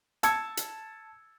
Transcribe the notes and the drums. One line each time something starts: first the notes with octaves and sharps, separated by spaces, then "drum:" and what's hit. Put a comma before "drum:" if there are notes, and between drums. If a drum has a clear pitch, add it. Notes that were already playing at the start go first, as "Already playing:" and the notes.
A5 E6 G#6 C#7, drum: hi-hat
drum: hi-hat